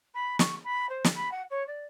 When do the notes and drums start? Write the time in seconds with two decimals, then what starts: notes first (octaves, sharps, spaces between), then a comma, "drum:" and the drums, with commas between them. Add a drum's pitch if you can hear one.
0.14 B5
0.39 C#6, drum: snare
0.64 B5
0.89 C5
1.04 drum: snare
1.15 B5
1.31 F#5
1.50 C#5
1.67 D5